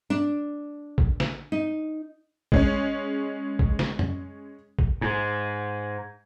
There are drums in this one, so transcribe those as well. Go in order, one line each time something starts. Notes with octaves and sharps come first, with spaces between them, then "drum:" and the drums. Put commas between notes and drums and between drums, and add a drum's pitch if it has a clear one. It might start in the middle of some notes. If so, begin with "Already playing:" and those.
D4
drum: kick
drum: snare
D#4
G#3 C#4, drum: kick
drum: kick
drum: snare
drum: tom F2
drum: kick
G#2